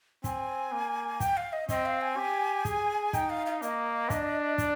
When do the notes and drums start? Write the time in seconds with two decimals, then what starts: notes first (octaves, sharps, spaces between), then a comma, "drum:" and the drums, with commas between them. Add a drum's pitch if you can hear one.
0.24 C4 G#5, drum: kick, hi-hat
0.72 A#3
1.20 G5, drum: kick, hi-hat
1.37 F5
1.53 D#5
1.69 C4 D#5, drum: kick, hi-hat
1.85 F5
2.01 G#5
2.17 G4
2.65 G#4, drum: kick, hi-hat
3.13 D#4 G5, drum: kick, hi-hat
3.30 F5
3.46 F5
3.62 A#3 D#5, drum: hi-hat
4.10 D4, drum: kick, hi-hat
4.58 D5, drum: kick, hi-hat